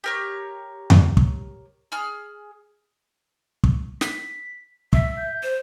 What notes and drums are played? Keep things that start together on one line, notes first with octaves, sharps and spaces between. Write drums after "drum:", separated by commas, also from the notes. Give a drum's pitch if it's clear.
G4 A#4 C#5
drum: tom F2
drum: kick
G#4 F6
drum: kick
B6, drum: snare
E5 E6, drum: kick
G6
C5